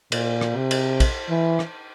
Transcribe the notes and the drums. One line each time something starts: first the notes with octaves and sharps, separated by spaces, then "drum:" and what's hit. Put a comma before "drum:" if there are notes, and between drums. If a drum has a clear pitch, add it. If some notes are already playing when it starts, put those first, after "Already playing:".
A#2, drum: cymbal
drum: rim click
C3
drum: cymbal
drum: kick, cymbal
E3
drum: rim click